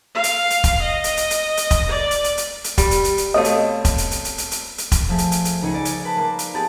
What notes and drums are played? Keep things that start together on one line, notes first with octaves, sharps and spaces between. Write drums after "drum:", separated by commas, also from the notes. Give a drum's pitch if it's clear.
F5
drum: hi-hat
drum: hi-hat
drum: kick E1, hi-hat
D#5
drum: hi-hat
drum: hi-hat
drum: hi-hat
drum: hi-hat
drum: kick E1, hi-hat
D5
drum: hi-hat
drum: hi-hat
drum: hi-hat
drum: hi-hat
G3 G4, drum: kick E1, hi-hat
drum: hi-hat
drum: hi-hat
drum: hi-hat
B2 A3 C4 C#5 D#5 F5 D#6
drum: hi-hat
drum: kick E1, hi-hat
drum: hi-hat
drum: hi-hat
drum: hi-hat
drum: hi-hat
drum: hi-hat
drum: hi-hat
drum: kick E1, hi-hat
F3 A3 G#4
drum: hi-hat
drum: hi-hat
drum: hi-hat
C#2 D#4 G#4 C#7 D#7
D5
drum: hi-hat
B4 A5
A#3 D6
drum: hi-hat
B3 G4 G#4 A5 A6